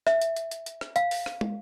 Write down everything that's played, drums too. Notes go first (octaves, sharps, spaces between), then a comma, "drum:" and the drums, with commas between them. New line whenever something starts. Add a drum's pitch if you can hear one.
E5, drum: rim click
drum: hi-hat
drum: hi-hat
drum: hi-hat
drum: hi-hat
drum: rim click
F5, drum: hi-hat
drum: open hi-hat
drum: rim click
drum: tom